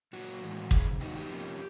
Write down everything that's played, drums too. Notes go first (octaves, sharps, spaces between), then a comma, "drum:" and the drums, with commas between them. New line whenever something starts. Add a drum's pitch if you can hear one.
A#2 F#3 A#3 F#4
A2 E3 G#3
F2 C3 G#4, drum: kick
G#2 D#3 F#3 B3 D#4 G4
F#4
G4
F2 C3 F3 A#3 C#4